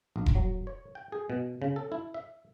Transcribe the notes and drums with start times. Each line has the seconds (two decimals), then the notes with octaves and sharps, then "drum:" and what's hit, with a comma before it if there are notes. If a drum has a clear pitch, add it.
0.16 A#1
0.26 drum: kick E1
0.35 F#3
0.67 C#5
0.95 G5
1.12 G#4
1.30 B2
1.62 C#3
1.76 A4
1.92 E4
2.14 E5